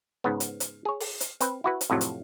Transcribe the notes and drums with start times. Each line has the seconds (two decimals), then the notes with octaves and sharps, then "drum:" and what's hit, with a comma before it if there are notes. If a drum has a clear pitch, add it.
0.24 G#2 C#3 B3
0.40 drum: hi-hat
0.60 drum: hi-hat
0.85 G#4 C#5
1.00 drum: open hi-hat
1.20 drum: hi-hat
1.41 C4 B4, drum: hi-hat
1.64 E4 F#4 B4
1.81 drum: hi-hat
1.90 F2 A2 C3 F#3
2.01 drum: hi-hat